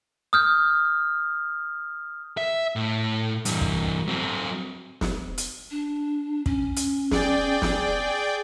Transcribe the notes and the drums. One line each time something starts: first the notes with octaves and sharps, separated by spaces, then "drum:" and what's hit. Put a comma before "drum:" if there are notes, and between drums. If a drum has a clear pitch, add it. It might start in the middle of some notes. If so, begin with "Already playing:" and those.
D#6 F6 G6
E5
A2
G2 E3, drum: hi-hat
drum: kick
F#3 C4
drum: snare
drum: hi-hat
D4
C#4, drum: kick
drum: hi-hat
G#4 D5 G5, drum: snare
drum: snare